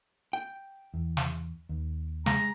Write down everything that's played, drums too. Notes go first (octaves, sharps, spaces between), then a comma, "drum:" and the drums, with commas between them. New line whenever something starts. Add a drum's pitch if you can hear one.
G5
E2
drum: snare
D#2
G#3 A#5, drum: snare